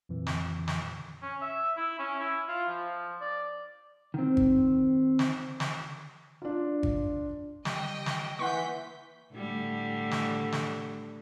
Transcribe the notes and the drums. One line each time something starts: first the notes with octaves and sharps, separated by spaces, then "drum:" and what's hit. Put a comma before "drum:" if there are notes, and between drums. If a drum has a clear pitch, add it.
F2 A#2 E3 F3
drum: snare
drum: snare
C#4
E5
E4
C#4
E4
F4
F3
D5
D#3 C4
drum: kick G#1
drum: snare
drum: snare
D4 F4
drum: kick G#1
D3 G3 D#5 G5, drum: snare
drum: snare
E3 A#3 F#5 C6 C#6 G6 B6
A2 D3 G3
drum: snare
drum: snare